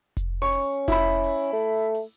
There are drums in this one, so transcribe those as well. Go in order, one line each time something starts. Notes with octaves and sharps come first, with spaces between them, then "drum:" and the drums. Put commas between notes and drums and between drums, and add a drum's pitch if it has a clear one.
drum: kick F1, hi-hat
C#4 C#6
drum: open hi-hat
E4 B5, drum: kick F1, hi-hat
drum: open hi-hat
A3
drum: open hi-hat